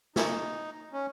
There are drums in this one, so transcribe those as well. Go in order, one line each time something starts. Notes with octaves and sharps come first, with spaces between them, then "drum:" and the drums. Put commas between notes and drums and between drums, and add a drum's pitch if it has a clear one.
D#4, drum: snare
C#4